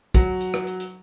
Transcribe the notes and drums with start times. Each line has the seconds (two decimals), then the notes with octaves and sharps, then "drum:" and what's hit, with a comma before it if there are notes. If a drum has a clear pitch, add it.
0.14 F#3, drum: kick, hi-hat
0.41 drum: hi-hat
0.54 drum: rim click
0.67 drum: hi-hat
0.80 drum: hi-hat